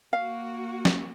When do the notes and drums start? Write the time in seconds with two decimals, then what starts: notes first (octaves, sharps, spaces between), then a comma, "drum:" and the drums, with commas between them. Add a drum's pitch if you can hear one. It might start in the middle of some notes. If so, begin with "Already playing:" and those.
0.13 A#3 F#4 F5
0.85 drum: snare